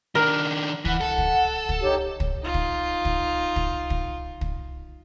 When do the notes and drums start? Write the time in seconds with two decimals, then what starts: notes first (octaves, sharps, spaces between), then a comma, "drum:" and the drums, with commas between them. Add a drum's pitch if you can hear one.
0.15 D#3 D4 A#4
0.85 E3 F#5, drum: kick
1.01 A4
1.18 drum: kick
1.69 drum: kick
1.81 D#4 G4 C#5
2.20 drum: kick
2.42 D#4 F4
2.54 drum: kick
3.05 drum: kick
3.56 drum: kick
3.90 drum: kick
4.41 drum: kick